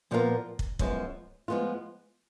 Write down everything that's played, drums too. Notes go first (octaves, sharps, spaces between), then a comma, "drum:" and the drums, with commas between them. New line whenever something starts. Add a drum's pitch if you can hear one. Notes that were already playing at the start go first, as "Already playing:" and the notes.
A#2 F3 B3 F4 A#4
drum: kick
F#2 F3 G#3 B3, drum: kick
F3 G#3 B3 F4